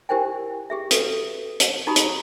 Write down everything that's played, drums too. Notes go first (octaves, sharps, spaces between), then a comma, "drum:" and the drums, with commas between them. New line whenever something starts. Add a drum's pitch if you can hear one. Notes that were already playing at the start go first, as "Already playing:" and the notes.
E4 G4 A#4 C5 G5 G#5
G4 G#4 E5
F#4 A4 B4, drum: hi-hat
drum: hi-hat
D#4 F#4 G4 A#5 B5 D#6
drum: hi-hat